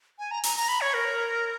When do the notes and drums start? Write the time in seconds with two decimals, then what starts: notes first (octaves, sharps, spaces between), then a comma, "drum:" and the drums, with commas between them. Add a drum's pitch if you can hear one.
0.19 G#5
0.31 A#5
0.43 A#5, drum: open hi-hat
0.57 A#5
0.68 B5
0.81 C#5
0.94 A#4